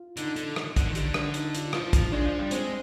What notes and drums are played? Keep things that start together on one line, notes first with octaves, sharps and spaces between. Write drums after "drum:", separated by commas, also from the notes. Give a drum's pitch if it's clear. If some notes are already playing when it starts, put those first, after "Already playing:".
Already playing: F4
D3 D#4, drum: hi-hat
D3, drum: hi-hat
drum: rim click
D3, drum: kick, hi-hat
D#3
D3 G4, drum: hi-hat
D4, drum: rim click
D#4, drum: hi-hat
F4, drum: hi-hat
F3 F4, drum: rim click
drum: kick, hi-hat
G#3 D4
F3
G3
G#3 C4, drum: hi-hat